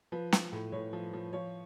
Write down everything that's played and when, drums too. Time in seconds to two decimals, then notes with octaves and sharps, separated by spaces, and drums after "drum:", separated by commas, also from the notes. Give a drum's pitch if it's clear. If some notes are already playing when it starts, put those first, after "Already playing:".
0.12 F3 B4
0.32 F3, drum: snare
0.52 A2
0.72 A2 C#5
0.93 F3
1.13 F3
1.33 F3 C#5